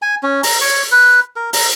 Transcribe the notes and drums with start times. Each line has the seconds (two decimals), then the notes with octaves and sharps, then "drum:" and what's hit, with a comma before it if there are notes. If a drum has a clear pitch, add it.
0.02 G#5
0.23 C#4
0.43 A#5, drum: open hi-hat
0.61 C#5
0.92 B4
1.36 A#4
1.53 A#5, drum: open hi-hat